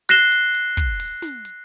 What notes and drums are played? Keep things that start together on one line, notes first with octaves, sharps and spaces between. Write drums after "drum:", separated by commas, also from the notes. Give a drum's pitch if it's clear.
F#6 A#6 C7 E7 G7
drum: hi-hat
drum: hi-hat
drum: kick
drum: open hi-hat
drum: snare
drum: hi-hat